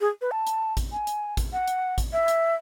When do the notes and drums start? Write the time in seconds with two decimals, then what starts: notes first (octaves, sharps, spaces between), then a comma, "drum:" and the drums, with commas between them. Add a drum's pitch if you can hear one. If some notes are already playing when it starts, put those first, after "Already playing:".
0.01 G#4
0.21 B4
0.31 A5
0.47 drum: hi-hat
0.77 drum: kick A1, hi-hat
0.92 G#5
1.07 drum: hi-hat
1.37 drum: kick A1, hi-hat
1.53 F#5
1.68 drum: hi-hat
1.98 drum: kick A1, hi-hat
2.13 E5
2.28 drum: hi-hat